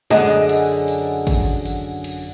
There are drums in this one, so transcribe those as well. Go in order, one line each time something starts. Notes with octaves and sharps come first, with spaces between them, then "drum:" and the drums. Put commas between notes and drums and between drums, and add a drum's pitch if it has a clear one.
F#2 D3 G#4 D#5 F#5, drum: snare
drum: cymbal
drum: cymbal
drum: kick, cymbal
drum: cymbal
drum: cymbal